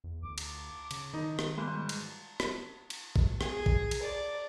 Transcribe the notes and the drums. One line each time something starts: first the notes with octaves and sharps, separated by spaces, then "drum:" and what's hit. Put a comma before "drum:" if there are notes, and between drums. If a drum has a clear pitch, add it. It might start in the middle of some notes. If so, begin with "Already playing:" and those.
E2
D2 D6
drum: cymbal
C#3, drum: cymbal
D#3 D#4
drum: rim click
G#2 B2 E3 G3
drum: cymbal
drum: rim click
drum: cymbal
drum: kick A1
G#4, drum: rim click
drum: kick A1
drum: cymbal
D5